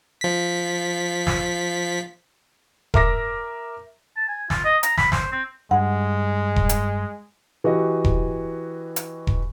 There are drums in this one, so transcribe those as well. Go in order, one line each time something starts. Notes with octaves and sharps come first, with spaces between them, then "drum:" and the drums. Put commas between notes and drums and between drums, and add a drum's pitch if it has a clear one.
F3 B6
drum: snare
A#4 E5 D6 A#6, drum: kick E1
A5
G#5
F4, drum: snare
D#5
A#5, drum: hi-hat
B5, drum: snare
C5, drum: snare
C4
G2 G#3 F#5
drum: kick E1
drum: hi-hat
E3 F#4 G4 D#5
drum: kick E1
drum: hi-hat
drum: kick E1